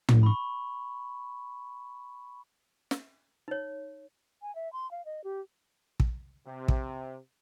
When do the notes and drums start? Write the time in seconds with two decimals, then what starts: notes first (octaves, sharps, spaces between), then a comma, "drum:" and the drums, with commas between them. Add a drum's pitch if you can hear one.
0.09 drum: tom
0.23 B5 C#6
2.91 drum: snare
3.48 D#4 C#5
4.42 G#5
4.55 E5
4.73 C6
4.91 F5
5.05 D#5
5.24 G4
6.00 drum: kick
6.46 C3
6.68 drum: kick